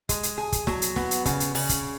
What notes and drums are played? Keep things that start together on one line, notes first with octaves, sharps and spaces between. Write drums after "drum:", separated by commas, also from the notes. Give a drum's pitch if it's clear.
G#3, drum: kick, hi-hat
drum: hi-hat
G#4
drum: kick, hi-hat
F#3, drum: snare
drum: hi-hat
B3, drum: snare
drum: hi-hat
C#3, drum: kick, hi-hat
drum: hi-hat
C#3, drum: open hi-hat
drum: kick, hi-hat